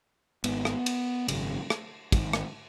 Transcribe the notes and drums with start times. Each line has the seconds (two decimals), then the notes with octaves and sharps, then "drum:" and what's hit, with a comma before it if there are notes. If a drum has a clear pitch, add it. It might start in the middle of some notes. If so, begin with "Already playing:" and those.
0.44 G#1 G#2 B3, drum: cymbal
0.65 drum: rim click
0.86 drum: cymbal
1.28 G#1 F#2 C#3, drum: cymbal
1.70 drum: rim click
2.12 G#1 G#2, drum: kick, cymbal
2.33 drum: rim click